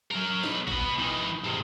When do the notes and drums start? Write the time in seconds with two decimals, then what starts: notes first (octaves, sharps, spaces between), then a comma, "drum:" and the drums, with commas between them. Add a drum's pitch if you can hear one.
0.11 F#3 A#4
0.43 B1 B4, drum: snare
0.68 B3 F#4, drum: kick
0.98 E3 D#4
1.44 G#2 C3